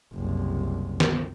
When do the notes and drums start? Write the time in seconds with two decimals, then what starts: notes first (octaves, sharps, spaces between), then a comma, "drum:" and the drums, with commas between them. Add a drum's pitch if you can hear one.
0.13 F#1 C2
1.00 drum: snare